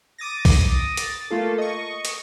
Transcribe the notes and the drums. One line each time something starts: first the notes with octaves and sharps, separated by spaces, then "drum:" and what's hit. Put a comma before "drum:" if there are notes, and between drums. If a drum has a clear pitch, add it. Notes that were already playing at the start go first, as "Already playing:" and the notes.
D6 D#6 A6 A#6
drum: kick B1, open hi-hat
A6, drum: hi-hat
A3 A#3 F4 A4
D#5 C#6
drum: hi-hat